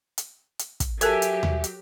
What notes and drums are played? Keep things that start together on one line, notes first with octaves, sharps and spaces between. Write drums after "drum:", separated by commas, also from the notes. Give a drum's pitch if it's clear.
drum: hi-hat
drum: hi-hat
drum: kick, hi-hat
F#3 G4 A4 A#4 E5 G#5 A5, drum: hi-hat
drum: hi-hat
drum: tom D#2
drum: hi-hat